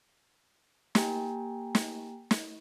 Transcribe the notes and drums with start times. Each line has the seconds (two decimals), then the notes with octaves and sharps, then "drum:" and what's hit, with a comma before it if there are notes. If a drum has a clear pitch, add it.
0.95 A#3 G4 G5 G#5 A#5, drum: snare
1.75 drum: snare
2.31 drum: snare